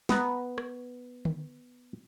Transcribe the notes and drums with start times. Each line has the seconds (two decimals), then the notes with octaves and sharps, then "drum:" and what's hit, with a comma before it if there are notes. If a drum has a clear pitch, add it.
0.09 B3 A#5, drum: snare
0.58 drum: rim click
1.25 drum: tom D3